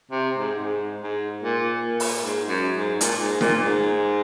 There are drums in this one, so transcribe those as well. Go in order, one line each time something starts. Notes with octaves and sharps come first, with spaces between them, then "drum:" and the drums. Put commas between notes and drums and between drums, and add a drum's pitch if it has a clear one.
C3
G#2
G#2
G#2
A#2
A#2
drum: open hi-hat
G#2
F#2
G#2
A#2, drum: hi-hat
G#2
A#2, drum: snare
G#2